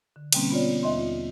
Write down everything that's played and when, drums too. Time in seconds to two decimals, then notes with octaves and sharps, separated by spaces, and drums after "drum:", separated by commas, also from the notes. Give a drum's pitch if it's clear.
0.16 D3
0.33 B2 D3 G3 A#3 C4 C#4, drum: cymbal
0.51 B3 F4 C#5 D5
0.83 D#2 D#5 E5 C6
0.98 F4